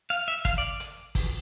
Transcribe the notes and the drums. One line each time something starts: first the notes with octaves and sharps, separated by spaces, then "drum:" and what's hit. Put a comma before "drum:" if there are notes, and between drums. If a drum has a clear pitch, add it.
F5
E5
F5, drum: kick, hi-hat
D5
drum: hi-hat
drum: kick, open hi-hat